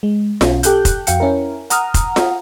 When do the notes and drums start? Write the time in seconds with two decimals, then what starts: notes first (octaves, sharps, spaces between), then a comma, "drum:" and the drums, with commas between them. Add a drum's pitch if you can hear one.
0.03 G#3
0.41 B1 B2 C#4, drum: snare F4
0.63 G4 A4 F#6 G6, drum: hi-hat
0.85 drum: kick F1, hi-hat
1.07 F2 F#4 F5 G5 C#7, drum: hi-hat
1.20 C#4 E4 A#4
1.70 F#5 A#5 D#6 F6, drum: hi-hat
1.94 drum: kick F1, hi-hat
2.16 drum: snare F4